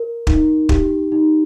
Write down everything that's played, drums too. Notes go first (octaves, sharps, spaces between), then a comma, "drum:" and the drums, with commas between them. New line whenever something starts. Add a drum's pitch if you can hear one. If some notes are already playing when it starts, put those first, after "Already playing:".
Already playing: A#4
D#4, drum: kick
G4, drum: kick
D#4